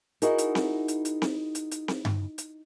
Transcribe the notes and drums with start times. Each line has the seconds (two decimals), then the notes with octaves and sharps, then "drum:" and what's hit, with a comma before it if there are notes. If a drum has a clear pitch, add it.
0.22 D#4 E4 F#4 G#4 A#4, drum: hi-hat
0.38 drum: hi-hat
0.55 drum: snare C4
0.88 drum: hi-hat
1.05 drum: hi-hat
1.22 drum: snare C4
1.55 drum: hi-hat
1.72 drum: hi-hat
1.88 drum: snare C4
2.05 drum: tom G2
2.38 drum: hi-hat